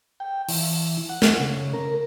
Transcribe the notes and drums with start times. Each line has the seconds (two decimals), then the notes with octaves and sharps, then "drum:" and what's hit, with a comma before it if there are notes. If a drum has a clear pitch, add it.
0.20 G5
0.49 E3, drum: open hi-hat
1.09 F#5
1.22 drum: snare
1.39 C#3
1.74 A#4